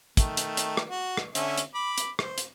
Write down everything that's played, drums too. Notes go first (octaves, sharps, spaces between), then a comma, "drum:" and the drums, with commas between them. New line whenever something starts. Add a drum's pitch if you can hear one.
D#3 A3, drum: kick, hi-hat
drum: hi-hat
drum: hi-hat
drum: rim click
F#4
drum: rim click
D3 C#4 E5, drum: hi-hat
drum: hi-hat
B5 D6
drum: hi-hat
C5, drum: rim click
drum: hi-hat